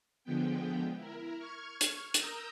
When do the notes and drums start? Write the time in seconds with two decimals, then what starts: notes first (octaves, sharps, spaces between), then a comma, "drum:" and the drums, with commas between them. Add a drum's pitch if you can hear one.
0.24 D3 F3 G#3 B3 G5
0.96 E4 A#4
1.39 C#6 F6 G#6
1.81 drum: hi-hat
2.14 A#4 A#5 D#6 E6 G6, drum: hi-hat